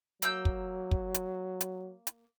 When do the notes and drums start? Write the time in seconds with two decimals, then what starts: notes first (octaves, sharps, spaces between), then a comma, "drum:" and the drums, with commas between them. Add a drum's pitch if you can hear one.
0.22 F#3 A#3 E6 G6, drum: hi-hat
0.45 drum: kick
0.91 drum: kick
1.14 drum: hi-hat
1.61 drum: hi-hat
2.07 drum: hi-hat